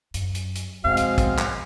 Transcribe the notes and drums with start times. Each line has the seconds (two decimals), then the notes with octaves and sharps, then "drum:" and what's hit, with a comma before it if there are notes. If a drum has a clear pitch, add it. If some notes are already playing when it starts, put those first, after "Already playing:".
0.14 F#2, drum: hi-hat
0.35 drum: hi-hat
0.56 drum: hi-hat
0.84 F2 B2 G#3 C4 F#4 F5
0.97 drum: hi-hat
1.18 drum: kick, hi-hat
1.39 drum: clap